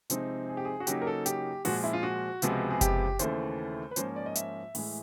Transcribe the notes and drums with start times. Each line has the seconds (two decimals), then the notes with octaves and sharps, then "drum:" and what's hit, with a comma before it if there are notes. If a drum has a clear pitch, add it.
0.10 C3 F3 G#3 C4 D#4, drum: hi-hat
0.49 G#4
0.57 G4
0.65 G#4
0.80 F#4
0.87 C#3 F#3 A#3 D#4 G4, drum: hi-hat
1.02 A#4
1.07 A4
1.26 G4, drum: hi-hat
1.65 A#2 F3 G#3 F#4, drum: open hi-hat
1.84 E4
1.93 F4
2.03 F#4
2.42 C#2 C3 F3 G#3 B3, drum: hi-hat
2.71 G#4
2.81 G4, drum: kick F#1, hi-hat
3.19 D#2 C#3 E3 A3 C5, drum: hi-hat
3.91 B4
3.96 G#2 F3 A#3 C#4 C5, drum: hi-hat
4.16 D5
4.26 D#5
4.35 E5, drum: hi-hat
4.75 A2 E3 G#3, drum: open hi-hat